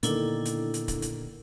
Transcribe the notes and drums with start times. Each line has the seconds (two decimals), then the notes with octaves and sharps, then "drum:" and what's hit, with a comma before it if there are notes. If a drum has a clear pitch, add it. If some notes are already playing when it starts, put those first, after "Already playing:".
0.03 A#2 D3 D#3 A#3 B3 D4 E4 A4, drum: hi-hat
0.45 drum: hi-hat
0.74 drum: hi-hat
0.88 drum: kick C#1, hi-hat
1.02 drum: hi-hat